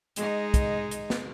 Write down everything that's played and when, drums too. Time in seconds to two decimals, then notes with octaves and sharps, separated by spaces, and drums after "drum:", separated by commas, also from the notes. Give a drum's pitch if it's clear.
0.16 G#3 D#4, drum: hi-hat
0.54 drum: kick, hi-hat
0.91 drum: hi-hat
1.10 drum: snare